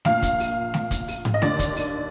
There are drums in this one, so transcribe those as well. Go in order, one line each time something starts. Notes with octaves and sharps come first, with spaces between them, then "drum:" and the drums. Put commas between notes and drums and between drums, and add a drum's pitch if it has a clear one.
A#1 A#2 F5, drum: snare
drum: kick, hi-hat
drum: open hi-hat
drum: snare
drum: kick, hi-hat
drum: open hi-hat
drum: tom G#2
D#5
D#2 D3 D5, drum: snare
drum: kick, hi-hat
drum: open hi-hat